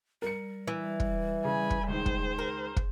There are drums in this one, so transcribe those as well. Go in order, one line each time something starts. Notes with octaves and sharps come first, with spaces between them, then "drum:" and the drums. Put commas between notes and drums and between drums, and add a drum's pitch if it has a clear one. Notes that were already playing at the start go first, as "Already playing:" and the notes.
G3 A#4 C#7
E3
drum: kick
C#3 G#5 B5
drum: kick
C#2 D#3 G#4 C5
drum: kick
A#4
drum: kick